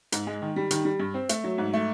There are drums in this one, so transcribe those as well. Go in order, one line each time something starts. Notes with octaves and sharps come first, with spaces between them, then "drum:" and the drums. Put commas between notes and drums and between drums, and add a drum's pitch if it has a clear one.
G#2, drum: hi-hat
G#3
D#3
G3
D#3, drum: hi-hat
G3
G2
C4
A3, drum: hi-hat
F#3
G#2
A3